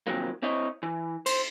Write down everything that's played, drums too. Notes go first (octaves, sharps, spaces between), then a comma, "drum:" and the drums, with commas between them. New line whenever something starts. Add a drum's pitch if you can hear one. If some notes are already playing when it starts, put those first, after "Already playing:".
C3 D#3 F3 F#3 A#3
C4 E4 C#5 D#5
E3
C5, drum: cymbal